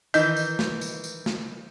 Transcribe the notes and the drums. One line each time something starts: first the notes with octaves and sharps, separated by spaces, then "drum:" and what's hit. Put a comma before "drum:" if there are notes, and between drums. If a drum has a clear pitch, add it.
D#3 E3 D#5 G6, drum: tambourine
drum: tambourine
drum: snare
drum: tambourine
drum: tambourine
drum: snare